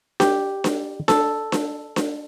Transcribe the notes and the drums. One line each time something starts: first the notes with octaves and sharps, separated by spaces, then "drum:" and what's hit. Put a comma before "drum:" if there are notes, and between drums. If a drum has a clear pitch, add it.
G4, drum: snare D4
drum: snare D4
A4, drum: snare D4
drum: snare D4
drum: snare D4